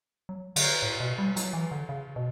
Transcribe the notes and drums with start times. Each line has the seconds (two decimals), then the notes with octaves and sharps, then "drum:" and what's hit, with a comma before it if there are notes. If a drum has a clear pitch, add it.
0.29 F#3
0.56 D3, drum: cymbal
0.82 A2
1.00 B2
1.18 G3
1.36 F#3, drum: hi-hat
1.53 E3
1.72 D3
1.89 C#3
2.16 B2